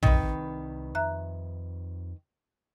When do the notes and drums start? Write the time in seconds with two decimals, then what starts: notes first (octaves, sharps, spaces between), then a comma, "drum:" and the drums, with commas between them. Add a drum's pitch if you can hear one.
0.03 C2 D#3 G#3 C4 B4, drum: tom
0.95 F2 E5 A#5 F#6